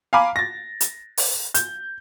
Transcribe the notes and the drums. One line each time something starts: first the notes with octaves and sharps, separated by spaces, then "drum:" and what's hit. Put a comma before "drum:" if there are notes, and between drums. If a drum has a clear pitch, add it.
F5 G#5 A#5 B5 D6
A6 A#6
drum: hi-hat
drum: open hi-hat
G6, drum: hi-hat